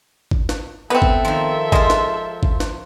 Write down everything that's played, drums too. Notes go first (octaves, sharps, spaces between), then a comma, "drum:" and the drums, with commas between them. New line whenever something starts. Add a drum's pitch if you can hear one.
drum: kick
drum: snare
B3 C4 A4 E5 F#5
drum: kick
D#3 F3
G#3 F4 C5, drum: kick
drum: snare
drum: kick
drum: snare